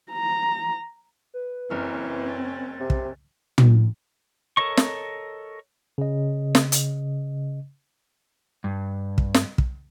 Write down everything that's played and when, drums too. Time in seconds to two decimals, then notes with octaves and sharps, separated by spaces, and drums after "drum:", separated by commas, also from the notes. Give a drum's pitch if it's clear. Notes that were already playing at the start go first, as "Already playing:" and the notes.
0.12 A#5
1.34 B4
1.70 F#1 E3 C4 C#4 F6
2.29 A6
2.81 C3
2.90 drum: kick
3.58 drum: tom
4.57 A4 A#4 C#5 D#5 C#6
4.77 drum: snare
5.98 C#3 D#5
6.55 drum: snare
6.72 drum: hi-hat
8.64 G2
9.18 drum: kick
9.34 drum: snare
9.58 drum: kick